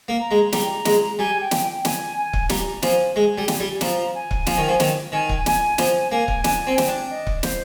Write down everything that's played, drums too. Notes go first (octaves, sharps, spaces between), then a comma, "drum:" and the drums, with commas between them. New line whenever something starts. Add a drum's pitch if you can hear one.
A#3
A#5
G#3
G3 A#5, drum: snare
G#3, drum: snare
G3 G#5
G5
drum: snare
G5
G#5, drum: snare
G#5
drum: kick C#1
G3 A#5, drum: snare
F3 G#5, drum: snare
G#3 G#5
G3
G#5, drum: snare
G3
F3 A#5, drum: snare
G#5
drum: kick C#1
F3, drum: snare
D#3
F3
D#3, drum: snare
D#3 G#5
drum: kick C#1
G#5, drum: snare
F3 G#5, drum: snare
A#3 G#5
drum: kick C#1
D4 G#5, drum: snare
C4
G5, drum: snare
D4
D#5
drum: kick C#1
C5, drum: snare